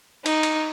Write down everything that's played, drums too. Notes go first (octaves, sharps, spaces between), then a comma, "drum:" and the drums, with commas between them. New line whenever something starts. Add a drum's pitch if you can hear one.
D#4, drum: cymbal
drum: cymbal